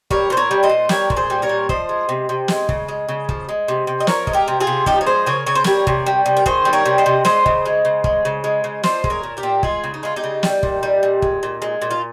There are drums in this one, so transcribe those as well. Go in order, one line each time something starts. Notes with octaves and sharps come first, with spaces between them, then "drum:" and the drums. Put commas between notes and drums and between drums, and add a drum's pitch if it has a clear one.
G3 A#4 C#5, drum: kick
A#2 C5
A#4 C#5
G3
C5 D#5
A#2
G3 A#4 C#5, drum: snare
A#2, drum: kick
G#4 C5
G3
A#4 C#5
A#2
F3 C5 D#5, drum: kick
G#3
C3
C3
G#3, drum: snare
C#3, drum: kick
G#3
C#3
F3, drum: kick
G#3
C3
C3
D#5
F3 A#4 C#5, drum: snare
G#3, drum: kick
G4 A#4
C3
F4 G#4
C3
F3 D#4 G4, drum: kick
C#5
G#3 G#4 C5
C#3 A#4 C#5
C#3 C#5
C5
G3 A#4 C#5, drum: snare
C3, drum: kick
G3
C3
A#4
D#3 G#4 C5, drum: kick
G3
A#4 C#5
C3
C5 D#5
C3
G#3 C5 D#5, drum: snare
C#3, drum: kick
G#3
C#3
G#3, drum: kick
C#3
G#3
C#3
F3 C5 D#5, drum: snare
G#3, drum: kick
A#4 C#5
A#2
G4 A#4
A#2
G#3 F4 G#4, drum: kick
C#3
D#4
G#3 F4
D#4 G4
C#3
G3, drum: snare
A#2, drum: kick
G3
A#2
G#3, drum: kick
A#2
G#3
A#2
F4